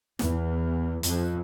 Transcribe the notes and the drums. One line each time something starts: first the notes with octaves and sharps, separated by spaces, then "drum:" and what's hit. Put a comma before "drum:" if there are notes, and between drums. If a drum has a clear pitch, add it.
E2, drum: snare
F2, drum: hi-hat